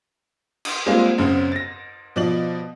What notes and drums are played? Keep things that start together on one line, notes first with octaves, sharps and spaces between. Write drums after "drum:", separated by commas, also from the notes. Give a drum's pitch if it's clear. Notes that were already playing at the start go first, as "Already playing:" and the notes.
drum: cymbal
G3 G#3 A#3 C4 F4 G#4
F#2 C#3 B3 C4
A6 A#6
B2 F3 D5 F#7